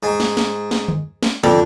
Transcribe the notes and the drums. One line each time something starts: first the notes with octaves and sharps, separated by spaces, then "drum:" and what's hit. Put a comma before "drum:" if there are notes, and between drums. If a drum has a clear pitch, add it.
G#2 G#5
drum: snare
drum: snare
drum: snare
drum: tom D3
drum: snare
F2 D3